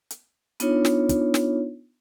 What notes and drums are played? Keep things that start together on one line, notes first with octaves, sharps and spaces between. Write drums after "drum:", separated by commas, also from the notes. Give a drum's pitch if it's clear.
drum: hi-hat
B3 D4 D#4 F4 C#5, drum: hi-hat
drum: snare
drum: kick, hi-hat
drum: snare